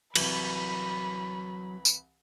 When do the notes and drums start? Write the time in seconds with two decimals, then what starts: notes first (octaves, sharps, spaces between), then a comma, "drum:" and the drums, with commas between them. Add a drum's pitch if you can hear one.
0.16 C2 E3 F#3 B5, drum: cymbal
1.85 drum: tambourine